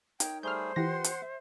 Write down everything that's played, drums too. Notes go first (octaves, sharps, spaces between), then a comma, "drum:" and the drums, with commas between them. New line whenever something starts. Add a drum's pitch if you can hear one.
D#4 A#4 C#5 G5, drum: hi-hat
G3 A3 G#4 C5 F6 G6
E3 F4 G4 B4 F#5 C6 A#6
drum: hi-hat
E5